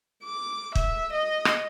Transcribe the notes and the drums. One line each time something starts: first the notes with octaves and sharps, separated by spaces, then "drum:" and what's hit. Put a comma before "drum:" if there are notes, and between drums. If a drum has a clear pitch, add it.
D6
E5, drum: kick
D#5
drum: rim click